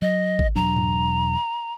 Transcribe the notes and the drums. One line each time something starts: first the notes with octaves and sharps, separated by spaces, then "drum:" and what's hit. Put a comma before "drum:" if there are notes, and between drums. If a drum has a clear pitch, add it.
F#3 D#5
drum: kick G#1
E1 F#3 D4 A#5
drum: tom G#2